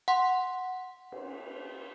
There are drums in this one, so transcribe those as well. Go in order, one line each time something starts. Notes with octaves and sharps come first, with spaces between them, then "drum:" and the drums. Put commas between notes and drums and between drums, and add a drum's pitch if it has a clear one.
F#5 C6
drum: cymbal